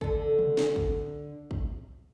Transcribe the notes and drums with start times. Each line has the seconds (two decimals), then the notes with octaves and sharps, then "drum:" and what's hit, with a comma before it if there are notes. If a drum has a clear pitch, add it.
0.01 D3 A4, drum: kick
0.39 drum: tom
0.57 drum: snare
0.76 drum: kick
1.51 drum: kick